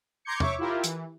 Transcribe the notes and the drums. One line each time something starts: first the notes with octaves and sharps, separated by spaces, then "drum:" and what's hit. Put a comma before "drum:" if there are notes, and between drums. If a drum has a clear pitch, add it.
A#5 C6 D6 G6 G#6 C#7
C#5 E5 C#6 D6, drum: tom E2
E4 F4 G4 A#4
E3, drum: hi-hat